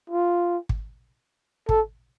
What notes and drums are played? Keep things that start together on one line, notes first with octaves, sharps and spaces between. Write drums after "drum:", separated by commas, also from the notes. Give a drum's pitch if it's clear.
F4
drum: kick
A4, drum: kick